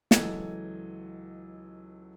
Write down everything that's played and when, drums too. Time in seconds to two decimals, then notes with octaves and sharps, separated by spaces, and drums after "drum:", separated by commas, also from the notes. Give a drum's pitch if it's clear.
0.11 C#2 E3 F#3 A4 D#5 G#6, drum: snare